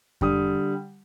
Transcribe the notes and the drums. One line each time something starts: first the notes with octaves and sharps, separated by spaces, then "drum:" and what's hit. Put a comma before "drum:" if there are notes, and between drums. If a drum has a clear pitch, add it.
D3 G3 D#6, drum: kick F2